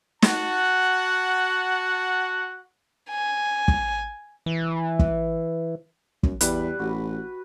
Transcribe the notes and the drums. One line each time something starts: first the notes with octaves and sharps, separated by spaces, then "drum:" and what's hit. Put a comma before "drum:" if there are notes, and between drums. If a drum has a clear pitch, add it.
F#4 F#5 A5, drum: snare
G#5
drum: kick
E3
drum: kick
F#2, drum: kick
E2 G3 B4, drum: hi-hat
A1 F#4